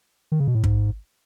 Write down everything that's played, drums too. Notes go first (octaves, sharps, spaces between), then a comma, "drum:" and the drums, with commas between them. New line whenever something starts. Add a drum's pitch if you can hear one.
D#3
C#3
B2
A2
G#2, drum: kick